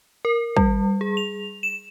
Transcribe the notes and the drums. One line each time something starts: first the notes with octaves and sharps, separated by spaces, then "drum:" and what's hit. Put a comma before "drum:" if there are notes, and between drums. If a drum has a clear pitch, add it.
A#4
G3, drum: kick
G#4
F7
E7